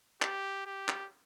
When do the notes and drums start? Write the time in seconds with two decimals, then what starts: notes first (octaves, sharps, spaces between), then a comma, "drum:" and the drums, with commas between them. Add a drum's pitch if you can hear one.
0.22 G4, drum: clap
0.66 G4
0.88 drum: clap